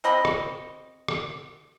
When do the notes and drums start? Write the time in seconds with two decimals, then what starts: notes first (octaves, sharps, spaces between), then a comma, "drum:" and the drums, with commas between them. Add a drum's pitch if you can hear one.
0.04 C4 D#5 B5
0.25 drum: rim click
1.08 drum: rim click